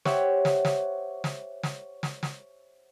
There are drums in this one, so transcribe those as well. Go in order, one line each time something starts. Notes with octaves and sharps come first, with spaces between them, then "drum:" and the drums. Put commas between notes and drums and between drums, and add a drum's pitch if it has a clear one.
G4 C5 C#5 E5 F#5, drum: snare
drum: snare
drum: snare
drum: snare
drum: snare
drum: snare
drum: snare